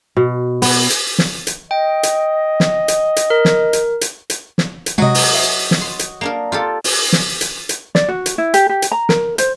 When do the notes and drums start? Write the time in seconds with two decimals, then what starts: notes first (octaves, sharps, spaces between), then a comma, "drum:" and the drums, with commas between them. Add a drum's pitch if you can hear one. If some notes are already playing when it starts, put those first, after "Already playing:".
0.17 B2
0.62 B3, drum: open hi-hat
0.90 drum: hi-hat
1.18 drum: snare
1.47 drum: hi-hat
1.71 D#5 G5
2.03 drum: hi-hat
2.60 drum: snare
2.88 drum: hi-hat
3.16 drum: hi-hat
3.30 A#4
3.45 drum: snare
3.73 drum: hi-hat
4.01 drum: hi-hat
4.30 drum: hi-hat
4.58 drum: snare
4.86 drum: hi-hat
4.98 C3 F#3 G#3 F#4 D#5
5.15 drum: open hi-hat
5.35 E5
5.71 drum: snare
5.82 C6
5.99 drum: hi-hat
6.21 A#3 D4 A#4
6.52 F4 G4 A4
6.84 drum: open hi-hat
7.13 drum: snare
7.41 drum: hi-hat
7.69 drum: hi-hat
7.95 D5, drum: snare
8.08 F#4
8.26 drum: hi-hat
8.38 E4
8.54 G4, drum: hi-hat
8.69 G4
8.82 drum: hi-hat
8.92 A#5
9.09 A#4, drum: snare
9.38 C5, drum: hi-hat